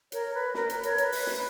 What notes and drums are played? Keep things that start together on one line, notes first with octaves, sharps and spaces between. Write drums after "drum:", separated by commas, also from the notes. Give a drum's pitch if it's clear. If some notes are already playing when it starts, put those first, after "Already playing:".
A#4 C#5, drum: hi-hat
B4
A#4, drum: snare
B4, drum: hi-hat
A#4 C#5, drum: hi-hat
B4, drum: hi-hat
drum: open hi-hat
drum: snare